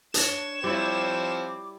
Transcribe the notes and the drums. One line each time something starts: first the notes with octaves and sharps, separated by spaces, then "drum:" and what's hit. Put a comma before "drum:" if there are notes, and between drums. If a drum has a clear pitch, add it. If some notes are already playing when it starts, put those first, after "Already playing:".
D4 C#5 E7, drum: hi-hat
F3 G3 C4 E4 D6